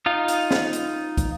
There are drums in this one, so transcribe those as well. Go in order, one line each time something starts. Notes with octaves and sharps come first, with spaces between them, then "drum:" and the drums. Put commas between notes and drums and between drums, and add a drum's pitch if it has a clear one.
D#4 F4 F5
drum: hi-hat
drum: snare
drum: hi-hat
drum: kick, hi-hat